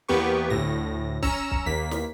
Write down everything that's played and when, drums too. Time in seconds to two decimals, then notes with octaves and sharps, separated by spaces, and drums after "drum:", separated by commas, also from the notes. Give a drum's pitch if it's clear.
0.08 E2 A#3 B3 G4 B4 C#6
0.50 D2 A2 A#6
1.22 C#4 A#5 E6 C#7 E7, drum: kick
1.51 drum: kick
1.66 D#2 A#3 B6
1.91 drum: snare